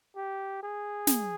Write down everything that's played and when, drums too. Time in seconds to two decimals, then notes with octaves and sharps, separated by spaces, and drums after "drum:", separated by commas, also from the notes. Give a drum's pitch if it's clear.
0.16 G4
0.63 G#4
1.07 drum: snare